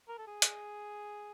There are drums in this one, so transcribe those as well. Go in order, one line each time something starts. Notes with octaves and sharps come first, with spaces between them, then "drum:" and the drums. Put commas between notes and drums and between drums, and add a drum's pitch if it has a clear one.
A#4
A4
G#4
drum: hi-hat